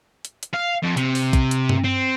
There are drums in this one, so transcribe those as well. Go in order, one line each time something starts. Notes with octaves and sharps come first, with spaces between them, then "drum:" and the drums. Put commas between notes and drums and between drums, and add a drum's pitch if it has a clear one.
drum: hi-hat
drum: hi-hat
F5
F2
C3, drum: hi-hat
drum: open hi-hat
drum: kick, hi-hat
drum: hi-hat
drum: tom G2
C4